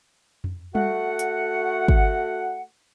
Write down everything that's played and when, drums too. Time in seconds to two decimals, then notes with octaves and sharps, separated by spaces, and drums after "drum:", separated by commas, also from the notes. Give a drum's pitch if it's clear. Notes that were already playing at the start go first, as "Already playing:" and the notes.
0.44 drum: tom F2
0.75 A3 F#4 F#5, drum: tom G3
1.19 drum: hi-hat
1.88 drum: kick